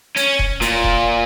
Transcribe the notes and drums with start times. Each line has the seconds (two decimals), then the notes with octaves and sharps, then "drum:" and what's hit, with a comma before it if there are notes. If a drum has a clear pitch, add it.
0.17 C#4, drum: hi-hat
0.39 drum: kick D#1
0.62 A#2, drum: hi-hat
0.84 drum: kick D#1